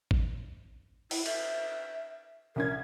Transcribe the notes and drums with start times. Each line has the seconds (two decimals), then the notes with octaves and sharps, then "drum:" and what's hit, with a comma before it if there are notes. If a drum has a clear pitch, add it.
0.11 drum: kick
1.11 E4, drum: open hi-hat
1.26 E5, drum: cymbal
2.56 C2 C#4 A#4 G#6